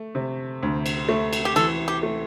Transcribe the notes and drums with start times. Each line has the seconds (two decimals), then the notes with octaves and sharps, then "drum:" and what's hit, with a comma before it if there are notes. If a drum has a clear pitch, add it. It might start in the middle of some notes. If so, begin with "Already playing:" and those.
Already playing: A3
0.15 C3
0.63 D2
0.86 drum: cymbal
1.09 A3
1.33 drum: cymbal
1.45 G4
1.56 E3 A4, drum: cymbal
1.88 G4
2.03 A3